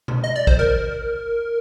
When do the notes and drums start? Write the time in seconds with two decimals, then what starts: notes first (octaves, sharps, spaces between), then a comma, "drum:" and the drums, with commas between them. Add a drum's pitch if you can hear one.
0.08 drum: tom B2
0.24 D#5
0.36 D5
0.47 C5, drum: kick
0.59 A#4